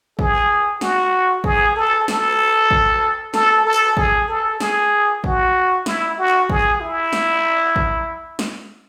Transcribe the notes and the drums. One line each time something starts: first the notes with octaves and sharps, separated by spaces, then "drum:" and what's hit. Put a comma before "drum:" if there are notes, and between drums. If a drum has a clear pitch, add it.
G#4, drum: kick A1
F#4, drum: snare
G#4, drum: kick A1
A4
A4, drum: snare
drum: kick A1
A4, drum: snare
A4
G#4, drum: kick A1
A4
G#4, drum: snare
F#4, drum: kick A1
E4, drum: snare
F#4
G#4, drum: kick A1
E4
drum: snare
drum: kick A1
drum: snare